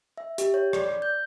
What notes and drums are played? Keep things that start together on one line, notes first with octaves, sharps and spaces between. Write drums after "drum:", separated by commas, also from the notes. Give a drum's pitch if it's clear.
E5
G4, drum: hi-hat
C#5
D5, drum: rim click
G6